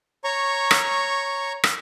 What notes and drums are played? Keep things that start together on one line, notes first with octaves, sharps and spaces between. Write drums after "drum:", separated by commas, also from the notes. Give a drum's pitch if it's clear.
C#5 A#5 C#6
drum: rim click
drum: rim click